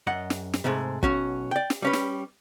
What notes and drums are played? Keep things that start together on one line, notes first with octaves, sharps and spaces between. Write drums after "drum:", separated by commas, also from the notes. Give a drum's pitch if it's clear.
F#2 D#5 F#5
drum: snare
drum: snare
G#2 C3 G#3 A3
B1 C#4 F#4, drum: kick
D5 G5
drum: snare
G3 C#4 B4
drum: snare